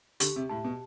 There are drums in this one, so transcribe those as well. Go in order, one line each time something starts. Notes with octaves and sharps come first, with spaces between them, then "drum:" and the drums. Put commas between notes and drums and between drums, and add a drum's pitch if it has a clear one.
D3 G4, drum: hi-hat
C3
A2 A5
B2